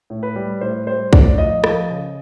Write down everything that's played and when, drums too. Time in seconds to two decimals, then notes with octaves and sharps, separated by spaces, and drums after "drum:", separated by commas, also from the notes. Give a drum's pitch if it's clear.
0.10 A2
0.23 B4
0.35 G3
0.61 A2 C5
0.87 G3 C5
1.13 A2 D5, drum: kick
1.38 F3 D#5
1.64 F3, drum: rim click
1.89 C#3